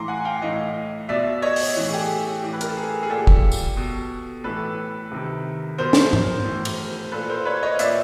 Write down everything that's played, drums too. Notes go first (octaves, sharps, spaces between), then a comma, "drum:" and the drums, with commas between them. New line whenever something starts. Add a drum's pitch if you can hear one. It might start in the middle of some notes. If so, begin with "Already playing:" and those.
Already playing: A2 E3 A#5 C6 D6
F#5 G#5
F5 G5
A2 E3 D#5 F5
B2 D5 E5
C#5 D#5
drum: open hi-hat
A2 E3
G#4
G4 A4
G4
A2 E3 G4
B4
A#4, drum: hi-hat
A4
G#4
G#4
A#2 G4 A4
drum: kick
drum: tambourine
B2
A2 E3 A4 B4
C3 D#3
B2 A#4 C5
drum: snare
drum: tom
A2 E3
drum: cymbal
A#2 A4 B4
A#4 C5
B4 C#5
C#5 D#5
A#2 D5 E5, drum: hi-hat